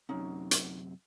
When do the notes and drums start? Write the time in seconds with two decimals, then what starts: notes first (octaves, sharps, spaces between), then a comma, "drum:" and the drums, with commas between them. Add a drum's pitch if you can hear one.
0.09 F#2 C3 C#4 D#4
0.51 drum: hi-hat